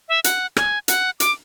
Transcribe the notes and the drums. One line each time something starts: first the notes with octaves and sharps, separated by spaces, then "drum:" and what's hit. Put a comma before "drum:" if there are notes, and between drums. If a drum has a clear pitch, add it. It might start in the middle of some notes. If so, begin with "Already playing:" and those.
E5
F#5, drum: hi-hat
G#5, drum: rim click
F#5, drum: hi-hat
D6, drum: hi-hat